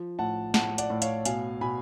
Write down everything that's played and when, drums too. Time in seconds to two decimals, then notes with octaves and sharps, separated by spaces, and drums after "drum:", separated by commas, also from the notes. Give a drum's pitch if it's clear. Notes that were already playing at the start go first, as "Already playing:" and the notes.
Already playing: F3
0.19 A2 F#5 A5
0.54 A2 F#5 A5, drum: snare
0.78 D5 F#5, drum: hi-hat
0.90 A2
1.02 C#5 F5, drum: hi-hat
1.25 B2 F5 G#5, drum: hi-hat
1.61 B2 G#5 B5